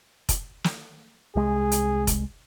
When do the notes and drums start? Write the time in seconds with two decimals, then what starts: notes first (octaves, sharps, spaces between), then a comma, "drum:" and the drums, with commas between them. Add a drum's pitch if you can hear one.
0.29 drum: kick F1, hi-hat
0.64 drum: snare
1.36 C2 G#3 G#4
1.72 drum: hi-hat
2.07 drum: kick F1, hi-hat